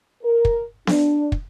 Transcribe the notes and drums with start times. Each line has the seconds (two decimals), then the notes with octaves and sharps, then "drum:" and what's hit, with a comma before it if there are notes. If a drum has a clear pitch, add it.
0.23 A#4
0.45 drum: kick
0.87 D4, drum: snare B3
1.32 drum: kick